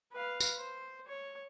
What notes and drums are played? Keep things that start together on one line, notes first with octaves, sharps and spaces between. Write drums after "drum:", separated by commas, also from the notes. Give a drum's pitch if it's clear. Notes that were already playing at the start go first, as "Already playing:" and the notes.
B4 F5
drum: tambourine
C5
C#5